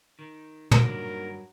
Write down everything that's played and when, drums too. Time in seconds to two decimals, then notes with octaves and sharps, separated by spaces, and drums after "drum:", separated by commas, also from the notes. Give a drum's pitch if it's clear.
0.19 D#3
0.71 G2 D#3 F#3 A#3 D4 A#4, drum: tom